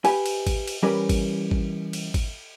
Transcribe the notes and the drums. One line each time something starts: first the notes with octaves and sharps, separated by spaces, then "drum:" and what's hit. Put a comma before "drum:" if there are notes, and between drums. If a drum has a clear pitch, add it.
G4 B4 G#5, drum: cymbal
drum: cymbal
drum: kick G#1, cymbal
drum: cymbal
E3 G3 C#4 G4 A#4 B4
drum: kick G#1, cymbal
drum: kick G#1
drum: cymbal
drum: kick G#1, cymbal